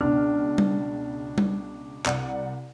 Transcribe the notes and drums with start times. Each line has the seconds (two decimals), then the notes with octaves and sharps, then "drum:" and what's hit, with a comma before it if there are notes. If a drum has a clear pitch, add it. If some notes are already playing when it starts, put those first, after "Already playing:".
0.01 C#2 B2 D4 F6
0.58 drum: tom G3
1.38 drum: tom G3
2.06 C2 D5 F#5, drum: clap